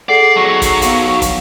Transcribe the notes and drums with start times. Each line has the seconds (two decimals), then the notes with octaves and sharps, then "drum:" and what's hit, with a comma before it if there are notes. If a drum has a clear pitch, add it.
0.09 G#4 A4 D5 F#5 C7
0.36 B1 F#3 C#6
0.62 drum: kick, hi-hat
0.82 B3 F5, drum: hi-hat
1.22 drum: kick, hi-hat